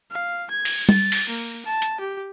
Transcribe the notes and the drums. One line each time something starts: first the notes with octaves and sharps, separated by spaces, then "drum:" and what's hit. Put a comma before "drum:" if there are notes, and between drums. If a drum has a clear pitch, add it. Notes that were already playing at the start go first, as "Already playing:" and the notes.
F5
G#6
drum: open hi-hat
A6, drum: tom G3
drum: open hi-hat
A#3
A5
drum: hi-hat
G4